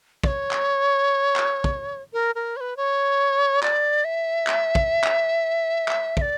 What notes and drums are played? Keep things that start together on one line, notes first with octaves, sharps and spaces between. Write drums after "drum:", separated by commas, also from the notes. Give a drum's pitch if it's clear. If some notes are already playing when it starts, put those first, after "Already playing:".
D5, drum: kick
C#5
drum: clap
drum: clap
drum: kick
A#4
A#4
C#5
B4
C#5
D5, drum: clap
E5
drum: clap
drum: kick
drum: clap
drum: clap
E5, drum: kick
D5